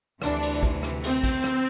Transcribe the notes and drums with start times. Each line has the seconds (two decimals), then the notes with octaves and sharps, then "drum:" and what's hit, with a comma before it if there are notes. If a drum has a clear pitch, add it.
0.22 D2 C3 E3 D4, drum: rim click
0.42 drum: cymbal
0.63 drum: kick
0.83 drum: rim click
1.04 C4, drum: cymbal
1.24 drum: kick, cymbal
1.44 drum: rim click